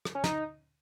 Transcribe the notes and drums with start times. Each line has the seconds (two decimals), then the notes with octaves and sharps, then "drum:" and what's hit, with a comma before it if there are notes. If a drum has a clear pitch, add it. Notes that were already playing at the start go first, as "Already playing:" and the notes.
0.05 drum: rim click
0.15 C#4
0.24 D#4, drum: snare